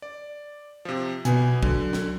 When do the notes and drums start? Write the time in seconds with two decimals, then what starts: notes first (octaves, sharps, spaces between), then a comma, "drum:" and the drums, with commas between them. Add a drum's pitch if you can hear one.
0.02 D5
0.85 C3 F3
1.25 B1 B2 B3 G#5, drum: hi-hat
1.63 D3 F#3, drum: kick
1.93 drum: snare